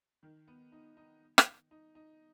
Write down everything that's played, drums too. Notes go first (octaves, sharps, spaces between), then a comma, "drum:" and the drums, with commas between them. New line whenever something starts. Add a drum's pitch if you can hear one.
D#3
B3
D#4
D#4
drum: rim click
D#4
D#4